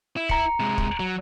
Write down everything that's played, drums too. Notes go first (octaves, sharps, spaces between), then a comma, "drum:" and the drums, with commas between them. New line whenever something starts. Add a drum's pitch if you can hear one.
E4
A#5 C#7, drum: kick
C3 G#3
drum: kick
F#3